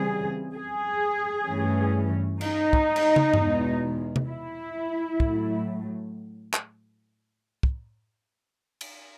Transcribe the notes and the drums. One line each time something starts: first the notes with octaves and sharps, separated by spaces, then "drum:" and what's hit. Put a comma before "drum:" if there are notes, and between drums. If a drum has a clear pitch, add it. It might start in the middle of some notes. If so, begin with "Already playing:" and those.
Already playing: C#3 E3 G3 C4 G#4
G#4
G2 E3 A3 C#4
D#4, drum: cymbal
drum: kick
drum: cymbal
drum: tom
E2 B2 G#3, drum: tom G2
drum: tom C3
E4
A2 F#3 A3, drum: kick
drum: clap
drum: kick
drum: cymbal